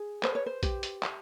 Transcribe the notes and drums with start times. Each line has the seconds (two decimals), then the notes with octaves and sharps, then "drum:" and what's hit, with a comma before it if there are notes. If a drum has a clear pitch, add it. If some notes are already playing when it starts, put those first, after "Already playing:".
Already playing: G#4
0.23 B4 C5, drum: clap
0.35 C#5
0.46 C5
0.63 G4, drum: kick A#1, hi-hat
0.83 drum: hi-hat
1.03 drum: clap